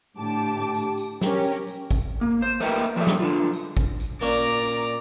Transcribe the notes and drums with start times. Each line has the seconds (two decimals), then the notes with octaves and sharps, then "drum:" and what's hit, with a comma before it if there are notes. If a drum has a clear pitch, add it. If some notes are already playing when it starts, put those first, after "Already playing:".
0.16 A2 D3 G4 A5 D6
0.74 drum: tambourine
0.98 drum: tambourine
1.21 C#4 G4 A#4, drum: snare
1.44 drum: tambourine
1.67 drum: tambourine
1.91 drum: kick, tambourine
2.21 A#3
2.42 C5
2.60 A3 A#3 A#4 B4 E5 G5, drum: tambourine
2.84 drum: tambourine
2.96 F3 A4 A#4 D5 E5
3.07 drum: snare
3.20 D3 F4
3.53 drum: tambourine
3.77 drum: kick, tambourine
4.00 drum: tambourine
4.21 A#2 C#4 D4 D5 A#5, drum: tambourine
4.46 drum: tambourine
4.70 drum: tambourine